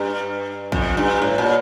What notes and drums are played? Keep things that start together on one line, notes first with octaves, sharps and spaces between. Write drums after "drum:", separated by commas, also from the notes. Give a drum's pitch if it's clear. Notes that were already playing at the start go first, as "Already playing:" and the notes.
Already playing: G2
F2, drum: kick
G2
A2
A#2